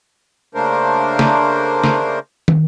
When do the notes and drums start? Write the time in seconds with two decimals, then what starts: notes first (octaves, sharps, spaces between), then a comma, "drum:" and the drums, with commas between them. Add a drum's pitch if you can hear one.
0.55 C#3 A3 A#3 D4 A#4 C5
1.19 drum: snare
1.84 drum: snare
2.48 drum: tom